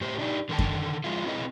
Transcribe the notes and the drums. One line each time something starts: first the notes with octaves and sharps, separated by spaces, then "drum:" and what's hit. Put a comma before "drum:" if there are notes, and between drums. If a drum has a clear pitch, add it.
A2 G4 C5
D4 D#4 G4
D3 D#3 A4 G5 A5
drum: kick F#2
F3 G#3 E4 F4
C4 E4 G#4 B4 D#5